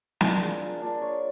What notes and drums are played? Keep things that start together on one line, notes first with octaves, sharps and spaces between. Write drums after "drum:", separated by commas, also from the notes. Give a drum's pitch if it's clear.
A#3 D4 F4 F#4, drum: snare
G#4
A#4
A#3 D4 F4
C#5